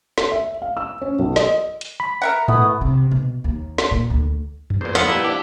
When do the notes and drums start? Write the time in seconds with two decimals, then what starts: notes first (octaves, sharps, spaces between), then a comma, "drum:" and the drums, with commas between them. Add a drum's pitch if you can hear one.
0.18 A4, drum: snare
0.32 E5
0.62 F5
0.77 E6
1.01 C#4
1.19 B1
1.36 D#5, drum: snare
1.81 drum: hi-hat
2.00 B5
2.22 A#4 E5 F#5 A#5
2.48 A3 B3 E4 D#6, drum: tom G#2
2.81 C3
3.11 B2
3.44 D#2
3.78 drum: snare
3.91 A#2
4.10 D2
4.70 drum: tom F#2
4.81 E2 A#2 C5
4.95 F2 B3 A4 D#5 F5 F#5, drum: snare
5.08 A#2 G3 A#3 E4
5.24 F3 D4 G4